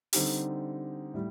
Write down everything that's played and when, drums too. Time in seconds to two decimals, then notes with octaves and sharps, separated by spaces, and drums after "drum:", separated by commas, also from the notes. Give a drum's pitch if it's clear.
0.13 D3 G3 C4 D#4 G4, drum: open hi-hat
1.14 A2 G3